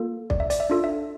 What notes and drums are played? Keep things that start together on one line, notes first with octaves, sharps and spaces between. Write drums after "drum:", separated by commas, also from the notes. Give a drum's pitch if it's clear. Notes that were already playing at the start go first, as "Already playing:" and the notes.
Already playing: A#3 F4 A4
D5, drum: kick
E5
D5, drum: hi-hat
E5
D4 F4 A4
E5